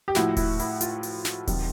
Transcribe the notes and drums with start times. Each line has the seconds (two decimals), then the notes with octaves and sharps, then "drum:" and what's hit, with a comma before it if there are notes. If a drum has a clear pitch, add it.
0.08 G4
0.15 A2 F3 E4 F#4, drum: snare
0.37 E4, drum: kick D#1, open hi-hat
0.59 E4, drum: open hi-hat
0.81 F4, drum: hi-hat
1.03 drum: open hi-hat
1.25 drum: snare
1.47 C3 D#3 F#3, drum: kick D#1, open hi-hat